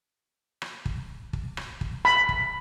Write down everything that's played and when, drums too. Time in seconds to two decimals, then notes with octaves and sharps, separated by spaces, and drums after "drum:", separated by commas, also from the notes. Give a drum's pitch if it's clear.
0.62 drum: rim click
0.86 drum: kick
1.33 drum: kick
1.57 drum: rim click
1.81 drum: kick
2.05 B5
2.29 drum: kick